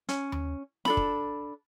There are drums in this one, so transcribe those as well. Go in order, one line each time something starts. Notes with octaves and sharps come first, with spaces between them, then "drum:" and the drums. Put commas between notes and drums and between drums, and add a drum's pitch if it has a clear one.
C#4, drum: hi-hat
drum: tom D#2
D4 A4 B5, drum: snare
drum: kick